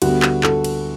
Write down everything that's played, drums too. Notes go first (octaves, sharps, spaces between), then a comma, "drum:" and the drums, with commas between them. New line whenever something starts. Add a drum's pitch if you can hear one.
D2 D3 G3 B3 F#4, drum: cymbal
drum: clap
A4, drum: clap
drum: cymbal